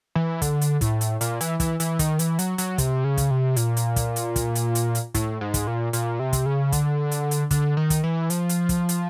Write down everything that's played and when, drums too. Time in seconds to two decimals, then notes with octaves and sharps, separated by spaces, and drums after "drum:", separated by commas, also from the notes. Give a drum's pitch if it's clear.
0.15 E3
0.42 D3, drum: kick, hi-hat
0.61 drum: hi-hat
0.81 A2, drum: kick, hi-hat
1.01 drum: hi-hat
1.21 A#2, drum: hi-hat
1.41 E3, drum: hi-hat
1.60 E3, drum: kick, hi-hat
1.80 E3, drum: hi-hat
1.99 D#3, drum: kick, hi-hat
2.19 E3, drum: hi-hat
2.39 F#3, drum: hi-hat
2.58 F#3, drum: hi-hat
2.78 C3, drum: kick, hi-hat
3.04 C#3
3.18 drum: kick, hi-hat
3.31 C3
3.56 A#2, drum: hi-hat
3.77 drum: hi-hat
3.96 drum: kick, hi-hat
4.16 drum: hi-hat
4.36 drum: kick, hi-hat
4.55 drum: hi-hat
4.75 drum: hi-hat
4.95 drum: hi-hat
5.14 A2, drum: kick, hi-hat
5.41 G#2
5.54 drum: kick, hi-hat
5.67 A#2
5.93 A#2, drum: hi-hat
6.19 C3
6.33 drum: kick, hi-hat
6.46 C#3
6.72 D3, drum: kick, hi-hat
7.11 drum: hi-hat
7.31 drum: hi-hat
7.51 D3, drum: kick, hi-hat
7.77 D#3
7.90 drum: kick, hi-hat
8.04 E3
8.30 F3, drum: hi-hat
8.49 drum: hi-hat
8.69 drum: kick, hi-hat
8.89 drum: hi-hat